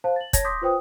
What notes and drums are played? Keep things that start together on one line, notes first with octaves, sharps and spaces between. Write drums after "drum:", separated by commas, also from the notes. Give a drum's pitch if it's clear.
C5 F5 A5
A6 F#7
C#5 A5 G#6 A#6, drum: kick, hi-hat
C6 D6 D#6 G6 A#6 B6
F4 B4 C5 G5 D#6